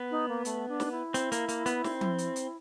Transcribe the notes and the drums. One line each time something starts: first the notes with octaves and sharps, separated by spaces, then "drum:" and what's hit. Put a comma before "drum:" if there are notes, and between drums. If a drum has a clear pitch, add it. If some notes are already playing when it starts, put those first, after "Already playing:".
Already playing: B3
D#4
A#3
A3, drum: hi-hat
D4
drum: snare
E4
C4, drum: hi-hat
A#3, drum: hi-hat
A#3, drum: hi-hat
B3, drum: hi-hat
C4, drum: snare
drum: tom F3
drum: hi-hat
drum: hi-hat